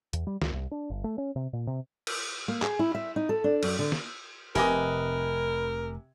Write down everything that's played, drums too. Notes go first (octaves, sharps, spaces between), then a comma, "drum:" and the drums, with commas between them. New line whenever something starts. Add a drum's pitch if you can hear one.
E2, drum: hi-hat
G3
C#2, drum: snare
C2
D4
G1
A3
C#4
C3
A#2
C3
drum: cymbal
A#3
G#4, drum: clap
E4
E5
D#4
A4
D4
F#2, drum: cymbal
D3
drum: snare
F1 C3 A#4 B4 D#5 G#5 D6, drum: open hi-hat